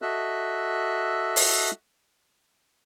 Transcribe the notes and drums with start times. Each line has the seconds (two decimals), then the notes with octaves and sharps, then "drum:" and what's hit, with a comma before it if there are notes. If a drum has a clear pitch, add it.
0.02 F#4 A4 D#5 E5 E6 F#6
1.36 drum: open hi-hat